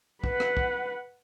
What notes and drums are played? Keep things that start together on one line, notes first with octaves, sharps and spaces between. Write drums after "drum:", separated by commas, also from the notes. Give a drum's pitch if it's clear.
B4 F#5, drum: kick
drum: rim click
drum: kick